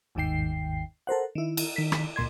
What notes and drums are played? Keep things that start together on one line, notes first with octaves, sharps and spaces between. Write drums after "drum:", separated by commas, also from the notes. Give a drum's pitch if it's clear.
G1 D#2 G#2 D#3 G5 C7
A4 A#4 C5 F#5
D#3 E4
drum: cymbal
D#3 B6
drum: rim click
C#2 A#2 C6 G#6